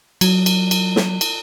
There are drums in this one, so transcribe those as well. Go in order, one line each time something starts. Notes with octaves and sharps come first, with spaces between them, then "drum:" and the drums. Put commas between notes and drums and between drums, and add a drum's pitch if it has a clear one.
F#3, drum: cymbal
drum: cymbal
drum: cymbal
drum: snare
drum: cymbal